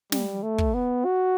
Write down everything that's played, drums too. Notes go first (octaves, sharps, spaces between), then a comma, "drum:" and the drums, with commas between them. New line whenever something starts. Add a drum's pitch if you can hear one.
G3, drum: snare
A3
drum: kick
B3
F#4